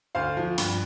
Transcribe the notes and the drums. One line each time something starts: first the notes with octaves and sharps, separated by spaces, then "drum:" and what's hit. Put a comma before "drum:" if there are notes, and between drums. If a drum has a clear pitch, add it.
D2 C5 F5
F3
G2, drum: hi-hat